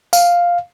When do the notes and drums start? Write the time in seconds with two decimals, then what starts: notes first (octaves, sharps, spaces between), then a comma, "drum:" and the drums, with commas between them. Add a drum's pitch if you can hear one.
0.13 F5, drum: tambourine